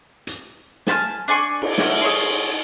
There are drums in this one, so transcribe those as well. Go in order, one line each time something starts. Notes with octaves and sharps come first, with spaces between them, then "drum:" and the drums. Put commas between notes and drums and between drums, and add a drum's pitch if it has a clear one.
drum: hi-hat
G#5 A5 B5 F6, drum: snare
D4 D5 G#5 C#6
drum: cymbal
E4 F#4 F6, drum: snare
G#4 C#5 C6